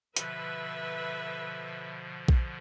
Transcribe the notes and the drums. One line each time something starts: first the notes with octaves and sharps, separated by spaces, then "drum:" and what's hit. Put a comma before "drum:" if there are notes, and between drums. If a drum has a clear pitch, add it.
B2 D3 F3 B4 E5, drum: hi-hat
drum: kick A#1